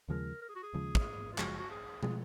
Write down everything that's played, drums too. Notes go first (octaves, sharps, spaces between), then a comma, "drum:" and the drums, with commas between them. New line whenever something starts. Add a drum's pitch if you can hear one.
D#2 C#3 F3 G#3 A#4
A#4
G#4
F#4
G#4
D#2 C#3 F3 G#3
drum: kick
F4
F#1 F#2 F3 G#3 F#4, drum: clap
F#4
G#4
F3 G#3 G#4, drum: tom